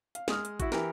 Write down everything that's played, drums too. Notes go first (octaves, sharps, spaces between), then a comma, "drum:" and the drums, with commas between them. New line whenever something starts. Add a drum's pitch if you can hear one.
F5, drum: hi-hat
G#3 D#6 F6, drum: snare
drum: hi-hat
E4 F#4, drum: kick G#1, hi-hat
E3 G4 A#4, drum: snare